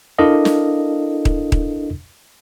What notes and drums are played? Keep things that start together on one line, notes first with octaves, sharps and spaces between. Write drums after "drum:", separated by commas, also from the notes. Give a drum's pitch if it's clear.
D4 E4 A4 A#4 D#5 F5
drum: snare
drum: kick D#1
drum: kick D#1